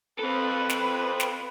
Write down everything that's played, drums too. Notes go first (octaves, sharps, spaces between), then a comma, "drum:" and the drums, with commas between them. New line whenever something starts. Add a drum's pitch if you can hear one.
C4 A4 B4
drum: snare
drum: snare